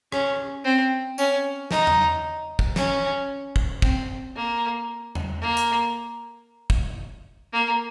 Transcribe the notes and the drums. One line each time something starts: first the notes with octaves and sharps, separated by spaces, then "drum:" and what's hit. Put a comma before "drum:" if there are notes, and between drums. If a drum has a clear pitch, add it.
C#4, drum: rim click
C4
C#4, drum: tambourine
D#4, drum: snare
drum: tom
drum: kick
C#4, drum: snare
drum: kick
C4, drum: kick
A#3
drum: tom
A#3
drum: hi-hat
drum: kick
A#3